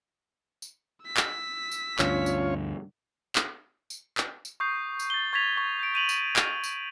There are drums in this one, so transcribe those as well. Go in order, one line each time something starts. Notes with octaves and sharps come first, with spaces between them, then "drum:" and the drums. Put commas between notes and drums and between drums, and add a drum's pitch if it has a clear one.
drum: tambourine
E6 B6
drum: clap
drum: tambourine
D2 G2 D3 C#4 F4 C#5, drum: clap
drum: tambourine
drum: clap
drum: tambourine
drum: clap
drum: tambourine
C#6 D#6 G6 C7
drum: tambourine
A6 G7
C#6 G#6 A6 B6 F7
C#6 G7
G6 D7
G6 D#7 F7 F#7
drum: tambourine
drum: clap
drum: tambourine